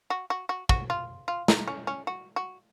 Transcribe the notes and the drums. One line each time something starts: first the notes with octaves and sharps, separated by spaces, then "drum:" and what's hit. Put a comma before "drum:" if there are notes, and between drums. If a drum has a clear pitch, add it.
F#4
F#4
F#4
F#4, drum: kick
F4
F4
D#4, drum: snare
C#4
C#4
F#4
F#4